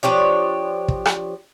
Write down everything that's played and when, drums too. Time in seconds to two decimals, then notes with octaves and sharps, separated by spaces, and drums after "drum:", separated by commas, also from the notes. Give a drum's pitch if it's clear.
0.03 F3 D4 G4 C#5
0.88 drum: kick
1.05 drum: rim click